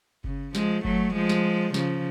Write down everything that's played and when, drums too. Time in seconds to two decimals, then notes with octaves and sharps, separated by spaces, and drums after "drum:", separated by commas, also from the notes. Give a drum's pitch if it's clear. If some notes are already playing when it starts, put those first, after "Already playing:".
0.24 C#3, drum: kick F#1
0.55 F3 G#3, drum: snare
0.85 F#3 A3, drum: kick F#1
1.14 F3 G#3
1.29 drum: snare
1.74 C#3 F3, drum: snare